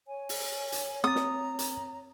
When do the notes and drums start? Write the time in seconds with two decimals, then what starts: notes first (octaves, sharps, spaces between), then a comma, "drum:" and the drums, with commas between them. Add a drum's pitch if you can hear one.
0.08 C#5 G#5
0.29 drum: open hi-hat
0.72 drum: hi-hat
1.04 C4 A#5 D#6 A6
1.15 drum: snare
1.59 drum: hi-hat